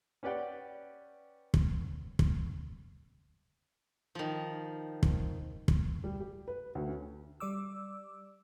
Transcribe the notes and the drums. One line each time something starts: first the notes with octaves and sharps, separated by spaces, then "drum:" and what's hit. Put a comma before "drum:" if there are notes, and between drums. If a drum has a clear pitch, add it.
C#4 G4 B4 D5 F#5 G5
drum: kick
drum: kick
D#3 F3
drum: kick
drum: kick
G3
G4
B4
D2
C#4
G3 D5 D6 E6